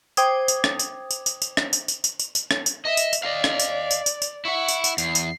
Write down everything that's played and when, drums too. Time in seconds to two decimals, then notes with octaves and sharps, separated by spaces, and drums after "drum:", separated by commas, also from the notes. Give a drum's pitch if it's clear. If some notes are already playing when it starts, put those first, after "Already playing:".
0.17 C5 G5 D6 D#6 G#6, drum: tambourine
0.48 drum: tambourine
0.64 drum: rim click
0.79 drum: tambourine
1.11 drum: tambourine
1.26 drum: tambourine
1.42 drum: tambourine
1.57 drum: rim click
1.73 drum: tambourine
1.88 drum: tambourine
2.04 drum: tambourine
2.19 drum: tambourine
2.35 drum: tambourine
2.51 drum: rim click
2.66 drum: tambourine
2.85 D#5 E5
2.97 drum: tambourine
3.13 drum: tambourine
3.23 D5 D#5 F5
3.44 drum: rim click
3.60 drum: tambourine
3.91 drum: tambourine
4.06 drum: tambourine
4.22 drum: tambourine
4.45 E4 E5 F#5 C#6
4.68 drum: tambourine
4.84 drum: tambourine
4.98 E2 C7, drum: tambourine
5.15 drum: tambourine